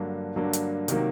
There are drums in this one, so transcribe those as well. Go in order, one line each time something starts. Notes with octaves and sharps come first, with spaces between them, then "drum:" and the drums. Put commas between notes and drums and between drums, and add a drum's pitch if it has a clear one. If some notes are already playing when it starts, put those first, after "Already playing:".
Already playing: G2 D3 F#3 A#3 D4
G2 D3 F#3 A#3 D4
drum: hi-hat
C3 D#3 F#3 A#3, drum: hi-hat